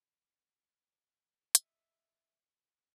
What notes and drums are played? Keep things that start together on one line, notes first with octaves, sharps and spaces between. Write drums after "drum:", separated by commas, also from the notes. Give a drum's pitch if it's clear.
D#5 E5, drum: hi-hat